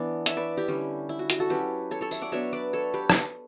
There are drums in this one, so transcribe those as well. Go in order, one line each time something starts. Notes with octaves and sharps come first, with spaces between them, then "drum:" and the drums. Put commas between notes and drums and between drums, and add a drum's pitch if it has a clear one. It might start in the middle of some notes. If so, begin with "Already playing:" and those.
Already playing: E3 B3 D4 D5 E5
C#5 E5, drum: hi-hat
B4 D5
E4 G4
D3 G3 C#4
E4
F#4
F#4, drum: hi-hat
F#4 A4
F#3 C#4 G4 B4
A4 C#5
A4 C#5
C#5 E5, drum: tambourine
D5 F#5
F#3 B3 D4 C#5 E5
B4 D5
A4 C#5
G4 B4
drum: rim click